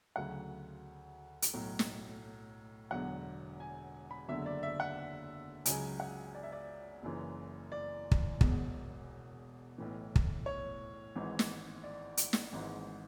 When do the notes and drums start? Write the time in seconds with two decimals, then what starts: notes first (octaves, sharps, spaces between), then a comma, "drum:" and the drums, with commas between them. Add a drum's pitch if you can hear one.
0.16 D2 C#3 F#3 F#5
1.42 drum: hi-hat
1.54 B1 A2 F#3
1.79 drum: snare
2.91 E1 E2 D3 F#3 F#5
3.60 G#5
4.11 B5
4.28 F#1 E2 D3 F#3 E5
4.46 D5
4.63 E5
4.80 F#5
5.66 C#2 C#3 F#3 G#5, drum: hi-hat
6.00 F#5
6.35 D5
6.43 E5
6.52 D5
7.03 F#1 F#2 E3
7.72 D5
8.11 drum: kick
8.41 E1 E2 B2, drum: kick
9.78 B1 A2 E3
10.16 drum: kick
10.46 C#5
11.16 G#1 G#2 E3
11.39 drum: snare
11.84 D5
12.17 drum: hi-hat
12.33 drum: snare
12.53 G#1 G#2 E3